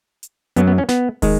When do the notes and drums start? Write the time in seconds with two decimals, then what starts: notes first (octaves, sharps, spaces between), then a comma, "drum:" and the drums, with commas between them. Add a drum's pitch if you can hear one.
0.23 drum: hi-hat
0.56 F#2 F#3 B3, drum: hi-hat
0.67 B3
0.78 C#4
0.89 B3, drum: snare
1.22 D#3 G#3, drum: kick, open hi-hat